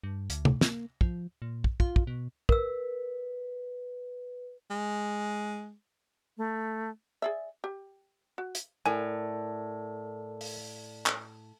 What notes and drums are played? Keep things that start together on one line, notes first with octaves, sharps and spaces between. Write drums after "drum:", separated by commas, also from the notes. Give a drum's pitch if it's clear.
G2
D2, drum: hi-hat
drum: tom C3
A#3, drum: snare
F3, drum: kick
A#2
drum: kick
F4, drum: kick
drum: kick
B2
A#4 B4 E6, drum: kick
G#3
A3
G#4 D5 E5
G4
F#4
drum: hi-hat
A2 A4 A#4 D5 G#5
drum: open hi-hat
drum: clap